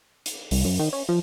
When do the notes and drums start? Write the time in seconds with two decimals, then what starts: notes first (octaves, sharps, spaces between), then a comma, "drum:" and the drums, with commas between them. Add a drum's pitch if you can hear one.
0.26 drum: hi-hat
0.51 C2, drum: open hi-hat
0.65 F#2
0.79 D#3
0.93 C#4
1.09 F3